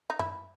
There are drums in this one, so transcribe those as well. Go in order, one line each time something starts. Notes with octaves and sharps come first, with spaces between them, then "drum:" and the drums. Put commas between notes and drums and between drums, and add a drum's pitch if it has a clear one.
D#4
E4, drum: tom F#2